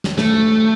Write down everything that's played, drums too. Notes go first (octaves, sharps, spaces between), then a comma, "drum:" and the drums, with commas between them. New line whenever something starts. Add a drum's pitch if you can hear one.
drum: snare
A3, drum: snare